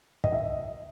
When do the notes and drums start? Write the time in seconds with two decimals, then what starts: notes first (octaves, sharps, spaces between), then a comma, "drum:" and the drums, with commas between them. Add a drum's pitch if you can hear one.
0.24 D#5, drum: kick
0.32 E5